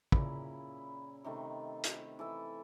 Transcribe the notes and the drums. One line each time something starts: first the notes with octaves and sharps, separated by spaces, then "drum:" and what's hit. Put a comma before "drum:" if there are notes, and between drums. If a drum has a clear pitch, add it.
A#2 C#3 E4 B5, drum: kick
C3 D#3 A3
drum: hi-hat
E3 A4 E5